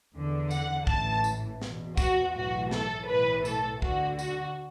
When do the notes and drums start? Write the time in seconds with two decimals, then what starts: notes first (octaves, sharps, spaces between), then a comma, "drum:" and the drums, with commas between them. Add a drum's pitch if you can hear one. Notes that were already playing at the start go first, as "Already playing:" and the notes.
0.14 E2 D3
0.51 F#5, drum: tambourine
0.87 A1 A2 E3 A5, drum: kick
1.24 drum: tambourine
1.61 E2 B2, drum: snare
1.97 F#4, drum: kick, tambourine
2.35 B1 A2 E3 F#4
2.71 A4, drum: snare
3.08 B1 A2 E3 B4
3.45 A4, drum: tambourine
3.82 D2 D3 F#4, drum: kick
4.19 F#4, drum: tambourine